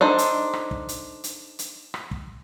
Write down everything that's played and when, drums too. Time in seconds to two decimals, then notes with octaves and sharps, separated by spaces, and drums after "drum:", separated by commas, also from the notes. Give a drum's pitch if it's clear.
0.01 D4 D#4 A4 C5
0.18 drum: hi-hat
0.53 drum: rim click
0.71 drum: kick
0.89 drum: hi-hat
1.24 drum: hi-hat
1.59 drum: hi-hat
1.94 drum: rim click
2.11 drum: kick